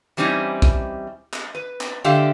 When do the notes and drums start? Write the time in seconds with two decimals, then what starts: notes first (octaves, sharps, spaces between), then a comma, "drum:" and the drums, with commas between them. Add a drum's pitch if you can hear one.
0.17 E3 G3 C4 C#4 D#4 E4
0.62 drum: kick
1.33 drum: clap
1.55 B4
1.81 drum: clap
2.04 D3 G#3 G4 E5 F5